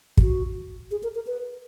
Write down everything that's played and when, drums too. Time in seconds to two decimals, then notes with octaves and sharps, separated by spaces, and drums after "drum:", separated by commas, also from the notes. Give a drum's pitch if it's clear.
0.17 G#4, drum: kick
0.21 F#4
0.91 G#4
1.03 A#4
1.15 A#4
1.27 B4